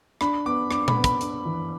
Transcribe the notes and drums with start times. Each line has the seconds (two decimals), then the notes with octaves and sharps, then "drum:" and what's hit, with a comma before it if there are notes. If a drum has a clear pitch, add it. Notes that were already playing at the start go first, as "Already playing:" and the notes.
0.21 D4 B5, drum: rim click
0.46 B3 D6
0.71 D4 D6, drum: rim click
0.88 B5, drum: tom A#2
0.96 B3
1.04 B5, drum: kick, hi-hat
1.21 D4, drum: hi-hat
1.45 E3